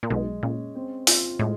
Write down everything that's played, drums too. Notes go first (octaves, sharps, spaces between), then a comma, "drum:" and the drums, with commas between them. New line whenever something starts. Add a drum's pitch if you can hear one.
A#2
B1 B2 G#3
A#2 C#4
C4
F4, drum: open hi-hat
A2 G#3